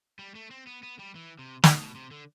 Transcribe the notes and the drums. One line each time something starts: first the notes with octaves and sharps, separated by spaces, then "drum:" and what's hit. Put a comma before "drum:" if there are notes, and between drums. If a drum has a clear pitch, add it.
G3
A3
C4
B3
B3
G3
E3
C3
B2, drum: snare
B2
C3
D3